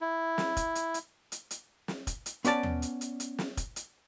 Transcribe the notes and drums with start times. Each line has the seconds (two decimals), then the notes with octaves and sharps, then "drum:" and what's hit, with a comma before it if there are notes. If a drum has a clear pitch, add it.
0.01 E4
0.38 drum: snare
0.57 drum: kick, hi-hat
0.75 drum: hi-hat
0.94 drum: hi-hat
1.32 drum: hi-hat
1.51 drum: hi-hat
1.88 drum: snare
2.07 drum: kick, hi-hat
2.26 drum: hi-hat
2.45 B3 C#4 D5 A5, drum: hi-hat
2.63 drum: tom D#2
2.82 drum: hi-hat
3.01 drum: hi-hat
3.20 drum: hi-hat
3.39 drum: snare
3.57 drum: kick, hi-hat
3.76 drum: hi-hat